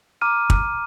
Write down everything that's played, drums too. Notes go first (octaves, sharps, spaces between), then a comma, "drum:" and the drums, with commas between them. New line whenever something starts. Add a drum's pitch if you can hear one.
A#5 D6 F6 D#7
drum: kick